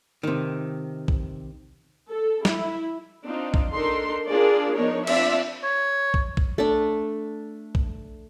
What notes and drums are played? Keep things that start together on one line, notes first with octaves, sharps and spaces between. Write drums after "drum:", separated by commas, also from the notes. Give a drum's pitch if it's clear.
C3 D#3
drum: kick
A4
E4, drum: snare
C4 D4 D#4 F4
drum: kick
D4 D#4 A4 A#4 C6
D4 F4 G#4 A#4 D5
F3 B3 D4 D#4 A#4 C#5
C4 D4 F4 D5 E5, drum: cymbal
C#5
drum: kick
drum: kick
A3 D4
drum: kick